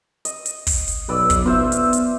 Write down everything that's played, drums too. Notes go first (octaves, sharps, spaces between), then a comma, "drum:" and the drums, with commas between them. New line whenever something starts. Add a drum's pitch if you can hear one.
D#5, drum: hi-hat
drum: hi-hat
drum: kick, open hi-hat
drum: hi-hat
B1 B4 D5 E6
drum: kick, hi-hat
B3 F4 C5 E5
drum: hi-hat
drum: hi-hat